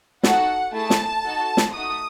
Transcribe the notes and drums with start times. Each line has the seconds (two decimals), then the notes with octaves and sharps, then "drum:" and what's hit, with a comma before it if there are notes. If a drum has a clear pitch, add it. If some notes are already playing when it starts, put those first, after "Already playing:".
0.23 D#4 F#4 A4 F#5, drum: snare
0.73 A3 E4 G#4 A5
0.90 drum: snare
1.24 D#4 F#4 A4
1.57 drum: snare
1.74 A3 D#4 F#4 D#6